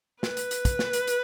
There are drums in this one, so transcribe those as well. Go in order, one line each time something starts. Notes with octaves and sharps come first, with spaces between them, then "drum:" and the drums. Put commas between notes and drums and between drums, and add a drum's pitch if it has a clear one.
B4, drum: snare
drum: hi-hat
drum: hi-hat
drum: kick, hi-hat
drum: snare
drum: hi-hat
drum: hi-hat